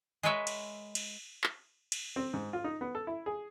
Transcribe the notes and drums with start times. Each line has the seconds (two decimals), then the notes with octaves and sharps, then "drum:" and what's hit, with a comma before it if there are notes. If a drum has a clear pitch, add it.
0.23 G#3 G#4 A#4 B4 C#5 E5
0.47 drum: cymbal
0.95 drum: cymbal
1.44 drum: clap
1.92 drum: cymbal
2.16 C4
2.34 G#2
2.53 F4
2.64 D#4
2.81 B3
2.95 A4
3.07 E4
3.26 G#4